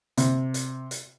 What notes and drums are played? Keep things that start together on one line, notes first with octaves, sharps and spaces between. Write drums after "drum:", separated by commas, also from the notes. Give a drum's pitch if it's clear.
C3, drum: hi-hat
drum: hi-hat
drum: hi-hat